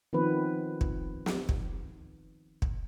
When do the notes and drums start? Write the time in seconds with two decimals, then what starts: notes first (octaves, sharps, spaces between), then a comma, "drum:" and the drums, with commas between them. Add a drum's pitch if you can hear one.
0.13 D#3 F3 B3 C4 B4
0.81 drum: kick
1.26 drum: snare
1.49 drum: kick
2.62 drum: kick